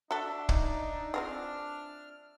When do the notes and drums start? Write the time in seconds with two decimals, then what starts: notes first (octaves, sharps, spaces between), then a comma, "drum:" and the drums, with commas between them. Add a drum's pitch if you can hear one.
0.11 D4 F#4 A4 E5
0.49 D#4, drum: kick
1.14 F3 C4 G#4 F6